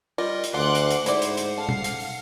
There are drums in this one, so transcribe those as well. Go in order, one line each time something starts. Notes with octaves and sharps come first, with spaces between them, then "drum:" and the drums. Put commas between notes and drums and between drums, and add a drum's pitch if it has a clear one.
G3 F4 A#4 D#5
drum: hi-hat
D2 F4 F#5 C6 D6 F#6
drum: hi-hat
drum: hi-hat
G#2 E4 C5 D5, drum: hi-hat
drum: hi-hat
drum: hi-hat
A4 F5 C7
drum: tom B2
drum: hi-hat
drum: open hi-hat